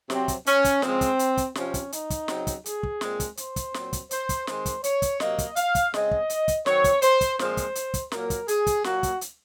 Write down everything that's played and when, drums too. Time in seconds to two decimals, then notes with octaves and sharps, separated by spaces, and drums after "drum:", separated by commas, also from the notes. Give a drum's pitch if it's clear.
0.10 C3 F#3 C4, drum: snare
0.28 drum: kick, hi-hat
0.46 C#4, drum: hi-hat
0.65 drum: kick, hi-hat
0.82 C#3 F3 G#3 C4, drum: snare
1.01 drum: kick, hi-hat
1.19 drum: hi-hat
1.37 drum: kick, hi-hat
1.55 C3 F3 C4 C#4, drum: snare
1.74 drum: kick, hi-hat
1.92 D#4, drum: hi-hat
2.10 drum: kick, hi-hat
2.28 C#3 F#3 C4, drum: snare
2.47 drum: kick, hi-hat
2.66 G#4, drum: hi-hat
2.83 drum: kick
3.01 A#2 G#3 C4, drum: snare
3.20 drum: kick, hi-hat
3.37 C5, drum: hi-hat
3.56 drum: kick, hi-hat
3.74 A#2 F#3 C4, drum: snare
3.93 drum: kick, hi-hat
4.11 C5, drum: hi-hat
4.29 drum: kick, hi-hat
4.47 D#3 G#3 C4 C5, drum: snare
4.66 drum: kick, hi-hat
4.84 C#5, drum: hi-hat
5.02 drum: kick, hi-hat
5.20 C3 F#3 A#3 D#5, drum: snare
5.38 drum: kick, hi-hat
5.56 F5, drum: hi-hat
5.75 drum: kick, hi-hat
5.94 C#3 G#3 C4 D#5, drum: snare
6.11 drum: kick
6.30 drum: hi-hat
6.48 drum: kick, hi-hat
6.66 D#3 F#3 C4 C#5, drum: snare
6.84 drum: kick, hi-hat
7.02 C5, drum: hi-hat
7.21 drum: kick, hi-hat
7.39 A#2 F3 G#3 C4 C5, drum: snare
7.57 drum: kick, hi-hat
7.75 drum: hi-hat
7.94 drum: kick, hi-hat
8.12 A#2 F#3 A#3 A#4, drum: snare
8.30 drum: kick, hi-hat
8.48 G#4, drum: hi-hat
8.67 drum: kick, hi-hat
8.84 A#2 F#3 A#3 F#4, drum: snare
9.03 drum: kick, hi-hat
9.21 drum: hi-hat